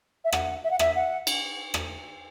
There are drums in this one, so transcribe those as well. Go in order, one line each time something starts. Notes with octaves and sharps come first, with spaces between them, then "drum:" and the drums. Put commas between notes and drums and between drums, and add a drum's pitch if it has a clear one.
E5
F#5, drum: rim click
E5
F#5
E5, drum: rim click
F#5
drum: cymbal
drum: rim click